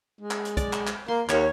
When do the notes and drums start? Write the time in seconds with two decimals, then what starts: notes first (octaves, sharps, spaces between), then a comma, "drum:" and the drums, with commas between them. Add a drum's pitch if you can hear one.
0.21 G#3
0.31 drum: clap
0.45 drum: hi-hat
0.57 D5, drum: kick B1, hi-hat
0.73 drum: clap
0.87 drum: clap
1.08 A#3 C6
1.29 D#2 C#5, drum: clap